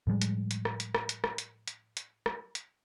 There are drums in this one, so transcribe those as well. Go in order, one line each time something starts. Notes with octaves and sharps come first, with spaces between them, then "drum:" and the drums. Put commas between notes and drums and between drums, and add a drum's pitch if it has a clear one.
A2 F3 G3 G#3
drum: hi-hat
drum: hi-hat
drum: rim click
drum: hi-hat
drum: rim click
drum: hi-hat
drum: rim click
drum: hi-hat
drum: hi-hat
drum: hi-hat
drum: rim click
drum: hi-hat